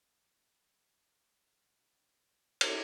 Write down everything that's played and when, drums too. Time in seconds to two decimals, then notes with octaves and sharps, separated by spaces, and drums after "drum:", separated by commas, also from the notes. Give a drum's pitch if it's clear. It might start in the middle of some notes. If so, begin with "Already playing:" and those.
1.92 A#3 B3 C#4 D4 F#4 C5
2.61 drum: cymbal